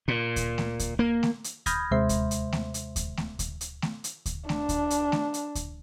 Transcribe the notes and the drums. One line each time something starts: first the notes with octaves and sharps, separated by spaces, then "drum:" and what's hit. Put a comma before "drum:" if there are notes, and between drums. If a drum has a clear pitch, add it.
A#2
drum: kick D2, hi-hat
drum: snare A3
drum: kick D2, hi-hat
A#3
drum: snare A3
drum: hi-hat
B5 D#6 F6 G6 G#6 A#6, drum: kick D2, hi-hat
D#2 C3 G#3 C5 E5 C6
drum: kick D2, hi-hat
drum: hi-hat
drum: snare A3
drum: hi-hat
drum: kick D2, hi-hat
drum: snare A3
drum: kick D2, hi-hat
drum: hi-hat
drum: snare A3
drum: hi-hat
drum: kick D2, hi-hat
D4, drum: snare A3
drum: kick D2, hi-hat
drum: hi-hat
drum: snare A3
drum: hi-hat
drum: kick D2, hi-hat